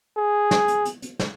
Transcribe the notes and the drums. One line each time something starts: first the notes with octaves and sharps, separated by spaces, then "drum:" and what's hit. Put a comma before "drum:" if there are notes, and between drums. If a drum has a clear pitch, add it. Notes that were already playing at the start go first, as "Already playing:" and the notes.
G#4
drum: snare
drum: hi-hat
drum: hi-hat
drum: hi-hat
drum: snare